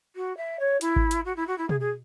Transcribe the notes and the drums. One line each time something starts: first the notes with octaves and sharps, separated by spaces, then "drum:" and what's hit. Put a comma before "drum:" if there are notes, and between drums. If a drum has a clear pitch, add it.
F#4
E5
C#5
E4, drum: hi-hat
drum: kick G#1
drum: hi-hat
F#4
E4
F#4
E4
G#4, drum: tom B2
G#4